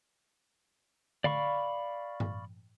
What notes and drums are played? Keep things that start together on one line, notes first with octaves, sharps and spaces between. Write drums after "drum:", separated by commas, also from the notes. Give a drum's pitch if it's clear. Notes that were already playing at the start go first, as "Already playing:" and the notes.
D5 F5 B5 C#6, drum: tom D3
drum: tom G2